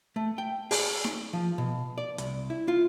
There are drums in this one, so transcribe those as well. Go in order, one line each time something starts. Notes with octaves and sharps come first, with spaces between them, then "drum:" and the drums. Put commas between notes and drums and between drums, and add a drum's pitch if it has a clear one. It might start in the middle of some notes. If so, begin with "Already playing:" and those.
A3
G5
G#4, drum: open hi-hat
drum: snare D#4
F3
B2
D5
C2, drum: hi-hat
E4
F4